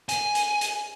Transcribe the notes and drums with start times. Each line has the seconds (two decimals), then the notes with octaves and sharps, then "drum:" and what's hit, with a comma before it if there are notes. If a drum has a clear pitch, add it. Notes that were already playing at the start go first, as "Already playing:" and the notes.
0.09 G#5, drum: hi-hat
0.35 drum: hi-hat
0.61 drum: hi-hat